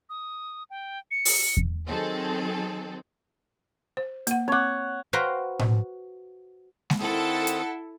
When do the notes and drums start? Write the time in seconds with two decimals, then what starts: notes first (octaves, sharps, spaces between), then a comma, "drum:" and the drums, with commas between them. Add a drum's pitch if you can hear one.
0.09 D#6
0.70 G5
1.11 C#7
1.25 drum: open hi-hat
1.57 drum: kick E2
1.88 D#3 F#3 C4 G#4 A4
3.97 C5
4.27 A#3 F#5, drum: hi-hat
4.48 C4 C#5 F#5 D6
5.13 F#4 B4 C5 F5 G5 A#5
5.59 drum: tom A2
6.90 drum: snare G#3
7.01 D#3 C4 E4 A4 F#5 D#6
7.47 drum: hi-hat